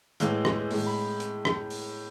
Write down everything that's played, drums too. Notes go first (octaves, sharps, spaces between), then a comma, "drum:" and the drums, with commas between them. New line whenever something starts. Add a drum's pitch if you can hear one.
A2 E3 G#3 F5, drum: hi-hat
drum: rim click
A2 G#3, drum: open hi-hat
B5
drum: hi-hat
drum: rim click
drum: open hi-hat